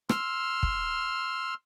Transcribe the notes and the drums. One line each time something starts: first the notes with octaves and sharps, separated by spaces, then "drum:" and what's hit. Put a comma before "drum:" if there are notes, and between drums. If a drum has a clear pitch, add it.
C6 E6 F6, drum: rim click
drum: kick